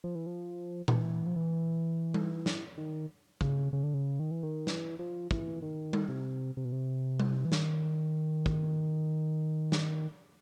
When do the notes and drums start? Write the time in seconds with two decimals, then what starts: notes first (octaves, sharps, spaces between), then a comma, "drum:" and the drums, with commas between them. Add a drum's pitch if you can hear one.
0.04 F3
0.15 E3
0.26 F3
0.88 E3, drum: tom A#2
1.27 F3
1.36 E3
2.14 drum: tom G3
2.46 drum: snare
2.78 D#3
3.41 C#3, drum: kick
3.73 C#3
3.83 D3
3.94 C#3
4.20 D#3
4.31 E3
4.43 D#3
4.67 E3, drum: snare
4.99 F3
5.31 E3, drum: kick
5.62 D#3
5.93 drum: tom G3
6.09 C3
6.57 C3
6.65 B2
6.72 C3
7.20 drum: tom G3
7.45 E3
7.52 D#3, drum: snare
8.46 drum: kick
9.72 drum: snare